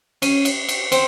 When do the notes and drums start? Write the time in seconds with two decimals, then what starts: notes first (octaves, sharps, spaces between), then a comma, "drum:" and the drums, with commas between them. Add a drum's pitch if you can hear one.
0.22 C#4, drum: cymbal
0.45 drum: cymbal
0.69 drum: cymbal
0.92 C4, drum: cymbal